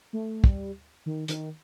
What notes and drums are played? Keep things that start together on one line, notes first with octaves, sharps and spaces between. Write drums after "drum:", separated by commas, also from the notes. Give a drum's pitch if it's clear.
A3
G3, drum: kick
D#3
D#3, drum: hi-hat